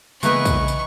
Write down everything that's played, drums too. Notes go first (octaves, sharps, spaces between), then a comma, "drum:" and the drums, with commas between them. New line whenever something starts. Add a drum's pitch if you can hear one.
C#3 E3 G#3 A#3 B3 D#4 B4 C#6, drum: tambourine
drum: kick, tambourine
drum: tambourine